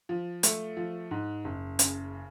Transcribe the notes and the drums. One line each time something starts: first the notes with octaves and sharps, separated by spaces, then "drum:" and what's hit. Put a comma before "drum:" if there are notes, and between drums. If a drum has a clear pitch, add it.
F3
A3, drum: hi-hat
F3
G#2
F#1
C#3, drum: hi-hat